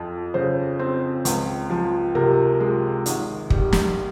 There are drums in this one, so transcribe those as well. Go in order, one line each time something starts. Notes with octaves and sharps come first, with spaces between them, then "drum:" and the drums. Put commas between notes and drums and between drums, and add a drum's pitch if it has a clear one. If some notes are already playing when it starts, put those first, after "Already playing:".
Already playing: F2 F3
C#3 C5
C4
C#2, drum: hi-hat
F3
C3 A#4
G#3
G#1, drum: hi-hat
G3, drum: kick
drum: snare